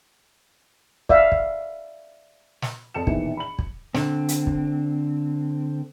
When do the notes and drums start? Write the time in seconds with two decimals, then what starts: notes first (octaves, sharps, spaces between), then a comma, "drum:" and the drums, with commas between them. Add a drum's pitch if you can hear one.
1.09 D5 E5 F5, drum: kick
1.32 drum: kick
2.62 drum: snare
2.94 F2 A5 C#7 E7
3.07 A#1 B2 D#3 E3, drum: kick
3.37 B5 F#7
3.59 drum: kick
3.95 D3 C4, drum: snare
4.29 drum: hi-hat
4.47 drum: kick